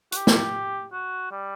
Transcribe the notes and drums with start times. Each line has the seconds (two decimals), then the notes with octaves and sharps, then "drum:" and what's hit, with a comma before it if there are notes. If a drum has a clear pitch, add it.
0.12 F#4, drum: hi-hat
0.16 G4
0.27 drum: snare
0.93 F#4
1.31 G3